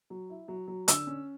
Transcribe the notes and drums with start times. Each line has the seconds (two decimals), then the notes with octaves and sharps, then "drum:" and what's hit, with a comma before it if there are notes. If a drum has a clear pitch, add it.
0.10 F#3
0.30 E4
0.48 F#3
0.68 F#3
0.88 D3 E6, drum: hi-hat
1.07 C#4